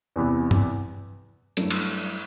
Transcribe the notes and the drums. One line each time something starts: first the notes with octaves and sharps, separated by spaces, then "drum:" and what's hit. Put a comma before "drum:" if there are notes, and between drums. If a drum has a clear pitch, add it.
E2 C3 E3 B3
drum: tom G2
G2 F#3 A3 E4, drum: hi-hat
drum: cymbal